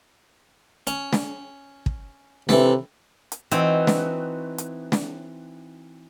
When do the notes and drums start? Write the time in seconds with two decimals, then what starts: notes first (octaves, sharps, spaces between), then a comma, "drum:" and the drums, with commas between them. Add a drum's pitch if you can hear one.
0.87 C#4, drum: hi-hat
1.13 drum: snare
1.86 drum: kick
2.49 C3 E3 A4, drum: snare
3.32 drum: hi-hat
3.51 E3 C4 D#4 F#4, drum: hi-hat
3.87 drum: snare
4.58 drum: hi-hat
4.92 drum: snare